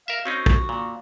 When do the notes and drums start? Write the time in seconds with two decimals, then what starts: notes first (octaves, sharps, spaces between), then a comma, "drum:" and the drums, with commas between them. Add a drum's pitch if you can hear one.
0.08 A#4 E5 F5
0.25 C4 C#4 D#4 F#4
0.46 drum: kick
0.69 A#2